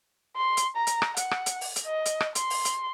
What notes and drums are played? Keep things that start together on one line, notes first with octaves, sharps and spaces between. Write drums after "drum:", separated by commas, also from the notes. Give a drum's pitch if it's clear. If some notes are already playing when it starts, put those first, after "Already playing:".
C6
drum: hi-hat
A#5
drum: hi-hat
drum: rim click
F#5, drum: hi-hat
drum: rim click
drum: hi-hat
drum: open hi-hat
drum: hi-hat
D#5
drum: hi-hat
drum: rim click
C6, drum: hi-hat
drum: open hi-hat
drum: hi-hat